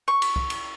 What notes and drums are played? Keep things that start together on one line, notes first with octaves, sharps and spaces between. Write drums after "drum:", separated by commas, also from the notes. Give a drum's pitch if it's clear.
C#6
drum: cymbal
drum: kick
drum: cymbal